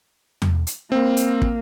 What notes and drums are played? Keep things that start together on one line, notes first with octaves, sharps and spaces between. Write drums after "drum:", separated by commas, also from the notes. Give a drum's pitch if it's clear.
drum: tom E2
drum: hi-hat
A#3 C4
drum: hi-hat
drum: kick